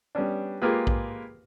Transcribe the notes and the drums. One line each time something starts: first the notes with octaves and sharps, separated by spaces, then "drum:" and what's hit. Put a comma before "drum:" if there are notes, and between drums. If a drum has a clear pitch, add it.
G3 B3 C#4 D4
G#3 A#3 F4 G4 G#4 B4
drum: kick A#1